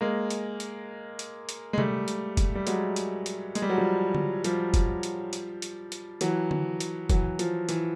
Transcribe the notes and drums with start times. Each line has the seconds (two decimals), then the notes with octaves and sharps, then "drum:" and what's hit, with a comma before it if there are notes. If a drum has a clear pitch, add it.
0.01 G#3 A#3
0.30 drum: hi-hat
0.60 drum: hi-hat
1.19 drum: hi-hat
1.49 drum: hi-hat
1.73 G#3
1.78 G3 A3, drum: tom C3
2.08 drum: hi-hat
2.37 drum: kick, hi-hat
2.55 G3
2.67 F#3 G#3, drum: hi-hat
2.96 drum: hi-hat
3.26 drum: hi-hat
3.55 G#3, drum: hi-hat
3.62 G3
3.70 F#3
3.78 F3 G3
4.15 drum: tom D3
4.44 F3 G3, drum: hi-hat
4.74 drum: kick, hi-hat
5.03 drum: hi-hat
5.33 drum: hi-hat
5.62 drum: hi-hat
5.92 drum: hi-hat
6.21 E3 F#3, drum: hi-hat
6.51 drum: tom D3
6.80 drum: hi-hat
7.09 E3 F#3, drum: kick, hi-hat
7.39 F3, drum: hi-hat
7.69 E3, drum: hi-hat